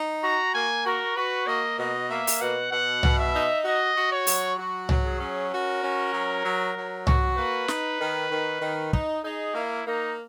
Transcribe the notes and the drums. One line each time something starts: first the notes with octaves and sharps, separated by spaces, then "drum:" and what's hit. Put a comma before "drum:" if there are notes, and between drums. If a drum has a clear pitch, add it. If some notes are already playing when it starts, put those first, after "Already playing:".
Already playing: D#4
F#4 A#5
A#3 G#5
F#4 A#4
F#4 B4
A#3 D#5
B2 D#5
A#3 E5
drum: open hi-hat
B2 F#5
B2 F#5
B2, drum: tom C2
E5
D#4
F#4 D#5
F#4
C#5
F#3, drum: open hi-hat
F#4
F#3, drum: tom C2
G#4
C#4
F#4 A#4
C#4
F#3
F#3
F#3
F#4, drum: tom C2
A#3 B4
D#4, drum: snare
D#3
D#3
D#3
D#4, drum: kick
D#4 G#4
A#3 E4
A#3 D#4